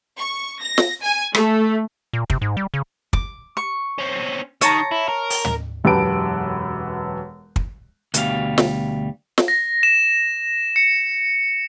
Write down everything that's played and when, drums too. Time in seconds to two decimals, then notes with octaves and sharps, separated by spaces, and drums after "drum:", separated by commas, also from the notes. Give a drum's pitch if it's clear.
0.18 C#6
0.61 A#6
0.78 drum: snare
1.01 G#5
1.35 A3, drum: rim click
2.13 A#2
2.30 C3, drum: kick
2.42 G#2
2.57 G3
2.74 C#3
3.13 D6, drum: kick
3.57 C#6
3.98 C4 C#4
4.61 D#3 C#5 A5 A#5, drum: hi-hat
4.91 E4
5.08 A#4
5.30 drum: open hi-hat
5.45 drum: tom
5.84 E1 F#2 G4 B4 A5 D7
7.56 drum: kick
8.14 D2 B2 G3 F5, drum: hi-hat
8.58 drum: snare
9.38 drum: snare
9.48 A#6
9.83 E7
10.76 C#7